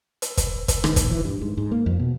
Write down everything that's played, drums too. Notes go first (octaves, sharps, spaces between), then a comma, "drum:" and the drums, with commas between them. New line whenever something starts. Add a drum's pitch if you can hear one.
drum: hi-hat
drum: kick, hi-hat
drum: kick, hi-hat
D#3, drum: rim click
A#1, drum: kick, hi-hat
E3
G2
G#2
G#2
A#3
F2
B2